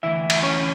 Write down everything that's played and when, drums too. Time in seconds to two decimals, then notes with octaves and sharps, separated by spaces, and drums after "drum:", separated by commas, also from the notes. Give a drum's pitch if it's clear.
0.03 D2 C#3 E3 E4 E5
0.30 drum: cymbal
0.43 C#4 C#5